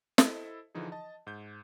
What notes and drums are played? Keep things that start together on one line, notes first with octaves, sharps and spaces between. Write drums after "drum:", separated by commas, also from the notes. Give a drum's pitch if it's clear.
E4 A4 C5 D#5 E5, drum: snare
D3 E3 F3 D#4 G#4
D#5 A5
G#2 G6